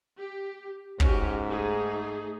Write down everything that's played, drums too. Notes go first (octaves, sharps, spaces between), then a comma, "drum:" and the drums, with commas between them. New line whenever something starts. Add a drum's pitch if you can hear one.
G4
G#2 C#4 F#4 G4, drum: kick
A3 D#4 G#4